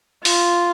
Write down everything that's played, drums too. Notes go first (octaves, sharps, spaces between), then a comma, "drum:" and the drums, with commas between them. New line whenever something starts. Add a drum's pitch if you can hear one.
F4, drum: open hi-hat